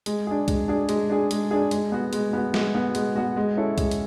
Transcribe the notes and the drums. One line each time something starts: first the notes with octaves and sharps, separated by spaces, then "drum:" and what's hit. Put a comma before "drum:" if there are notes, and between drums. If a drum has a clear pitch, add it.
G#3, drum: hi-hat
D4 G#4
G#3, drum: kick C2, hi-hat
D4 G#4
G#3, drum: hi-hat
D4 G#4
G#3, drum: hi-hat
D4 G#4
G#3, drum: hi-hat
B3 F#4
G#3, drum: hi-hat
B3 F#4
G#3, drum: snare
B3 F#4
G#3, drum: hi-hat
B3 F#4
G#3
C#4 E4 A4
G#3, drum: kick C2, hi-hat
drum: hi-hat